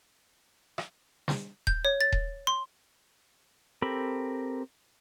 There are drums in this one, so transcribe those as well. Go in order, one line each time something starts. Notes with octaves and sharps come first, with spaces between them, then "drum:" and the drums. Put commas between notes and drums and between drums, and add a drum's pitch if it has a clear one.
drum: rim click
drum: snare
G6, drum: kick D#1
C#5
A6
drum: kick D#1
C6
C4 G4 A4 A#4 B5